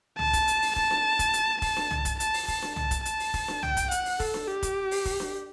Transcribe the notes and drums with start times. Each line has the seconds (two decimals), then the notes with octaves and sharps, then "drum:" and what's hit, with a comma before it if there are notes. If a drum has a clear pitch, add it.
0.19 A5, drum: tom
0.33 drum: kick, hi-hat
0.48 drum: hi-hat
0.62 drum: open hi-hat
0.76 A5, drum: kick
0.91 drum: snare D4
1.19 drum: kick, hi-hat
1.34 drum: hi-hat
1.62 A5, drum: kick, open hi-hat
1.76 drum: snare D4
1.91 drum: tom
2.05 drum: kick, hi-hat
2.20 A5, drum: hi-hat
2.34 drum: open hi-hat
2.48 A5, drum: kick, open hi-hat
2.62 drum: snare D4
2.76 A5, drum: tom
2.91 drum: kick, hi-hat
3.05 A5, drum: hi-hat
3.19 drum: open hi-hat
3.34 drum: kick, open hi-hat
3.48 drum: snare D4
3.63 G5, drum: tom
3.77 drum: kick, hi-hat
3.91 F#5, drum: hi-hat
4.05 drum: open hi-hat
4.20 A4, drum: kick, open hi-hat
4.34 drum: snare D4
4.48 G4
4.63 drum: kick, hi-hat
4.91 drum: open hi-hat
5.05 drum: kick, open hi-hat
5.20 drum: snare D4